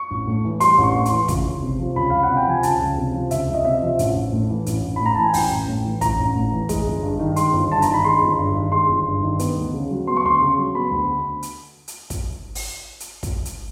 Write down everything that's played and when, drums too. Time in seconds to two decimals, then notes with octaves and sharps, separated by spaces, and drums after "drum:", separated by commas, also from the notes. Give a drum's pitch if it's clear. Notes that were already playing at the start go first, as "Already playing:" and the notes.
Already playing: C#6
0.11 A1
0.27 A2
0.44 E3
0.60 G3 C6, drum: hi-hat
0.78 A1
0.83 C#6
0.95 A2
1.05 C6, drum: hi-hat
1.11 E3
1.28 C#2, drum: kick, hi-hat
1.45 C#2
1.62 C3
1.79 F3
1.96 C#2 B5
2.10 C#2 F5
2.23 F#5
2.29 C3
2.37 G5
2.47 F3 G#5
2.63 C#2 A5, drum: hi-hat
2.81 C#2
2.98 C3
3.14 F3
3.31 C#2 E5, drum: hi-hat
3.48 C#2
3.54 D#5
3.65 C3 E5
3.82 F3
3.99 A1, drum: hi-hat
4.15 A1
4.33 A2
4.50 E3
4.66 A1, drum: hi-hat
4.83 A1
4.96 B5
5.01 A2 A#5
5.15 E3 A5
5.24 G#5
5.34 A1 G5, drum: open hi-hat
5.51 A1
5.68 A2
5.85 E3
6.01 A1 A#5, drum: kick, hi-hat
6.19 A1
6.36 A2
6.52 E3
6.69 G#3, drum: kick, hi-hat
6.86 G1
7.03 G2
7.19 D#3
7.36 G#3 C6, drum: hi-hat
7.53 G1
7.71 G2 A5
7.82 A#5, drum: hi-hat
7.88 D#3
7.94 B5
8.05 G#3 C6
8.21 G1
8.38 G2
8.55 D#3
8.72 G#3 C6
8.89 G1
9.06 G2
9.22 D#3
9.39 B3, drum: hi-hat
9.56 D2
9.74 C#3
9.90 F#3
10.07 B3 C6
10.17 C#6
10.24 D2 C6
10.41 C#3
10.58 F#3
10.75 B3 B5
10.91 D2
11.43 drum: hi-hat
11.88 drum: hi-hat
12.10 drum: kick, hi-hat
12.55 drum: open hi-hat
13.00 drum: hi-hat
13.23 drum: kick, hi-hat
13.45 drum: hi-hat